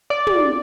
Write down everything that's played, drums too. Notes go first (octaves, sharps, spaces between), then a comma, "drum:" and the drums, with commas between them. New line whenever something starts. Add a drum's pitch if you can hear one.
D5
drum: tom